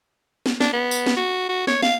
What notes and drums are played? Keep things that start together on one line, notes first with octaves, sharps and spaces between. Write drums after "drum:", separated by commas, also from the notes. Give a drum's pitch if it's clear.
drum: snare
D4, drum: snare
B3
drum: tambourine
drum: snare
F#4
F#4
C#5, drum: snare
F5, drum: snare